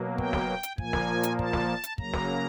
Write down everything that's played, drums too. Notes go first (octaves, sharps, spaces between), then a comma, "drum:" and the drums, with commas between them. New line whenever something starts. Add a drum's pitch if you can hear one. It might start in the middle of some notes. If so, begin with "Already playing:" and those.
Already playing: B2 F#3 A#3
G5, drum: kick
drum: snare
drum: hi-hat
A#2 F3 A#3 G#5, drum: kick
drum: snare
drum: hi-hat
A5, drum: kick
drum: snare
drum: hi-hat
C#3 F#3 A#3 A#5, drum: kick
drum: snare